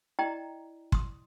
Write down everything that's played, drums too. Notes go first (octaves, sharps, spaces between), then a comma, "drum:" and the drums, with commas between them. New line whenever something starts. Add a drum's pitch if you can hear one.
E4 D5 D#5 G5 A#5
C6 D#6, drum: kick